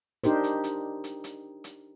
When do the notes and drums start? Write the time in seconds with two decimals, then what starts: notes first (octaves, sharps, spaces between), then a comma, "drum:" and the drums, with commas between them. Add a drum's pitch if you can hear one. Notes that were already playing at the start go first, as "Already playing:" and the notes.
0.24 D4 D#4 G4 A#4 C5, drum: hi-hat
0.44 drum: hi-hat
0.64 drum: hi-hat
1.04 drum: hi-hat
1.24 drum: hi-hat
1.64 drum: hi-hat